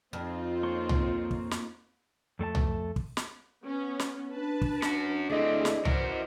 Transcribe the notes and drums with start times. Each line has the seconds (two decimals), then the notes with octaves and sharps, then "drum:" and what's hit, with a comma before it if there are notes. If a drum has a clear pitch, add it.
0.13 F2 C4 D#4 F4
0.63 A#3 C#5 C6
0.89 drum: tom C2
1.31 drum: kick
1.51 drum: snare
2.39 F2 A3 D4 A5
2.55 drum: tom C2
2.96 drum: kick
3.17 drum: snare
3.65 B3 C#4
3.99 drum: snare
4.32 D4 B4 A5
4.62 drum: kick
4.82 C#4 F#4, drum: snare
5.30 D2 C4 E4 G#4 A4 D5 D#5
5.65 drum: snare
5.85 E3 E4 F#4 A#4 C5, drum: tom C2